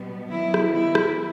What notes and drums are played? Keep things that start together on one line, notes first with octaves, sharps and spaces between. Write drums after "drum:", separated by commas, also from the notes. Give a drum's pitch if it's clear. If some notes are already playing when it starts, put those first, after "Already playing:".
Already playing: B2 G3 B3
D#3 F#3 B3 E4
drum: rim click
E4
drum: rim click